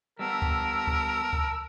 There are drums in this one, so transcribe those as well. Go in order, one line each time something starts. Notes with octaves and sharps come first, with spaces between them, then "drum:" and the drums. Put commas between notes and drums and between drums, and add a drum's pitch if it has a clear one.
G3 B3 A#4 A5 E6
drum: kick C#2
drum: kick C#2
drum: kick C#2